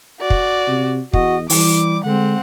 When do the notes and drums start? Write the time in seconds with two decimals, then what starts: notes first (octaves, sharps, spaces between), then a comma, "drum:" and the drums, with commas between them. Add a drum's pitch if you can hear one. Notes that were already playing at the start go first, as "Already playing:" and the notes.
0.21 F#4 D5
0.30 drum: kick
0.68 C3
1.13 E2 F#4 D#5, drum: kick
1.50 E3 G3 D6, drum: open hi-hat
2.04 D3 G#3 C4 F#5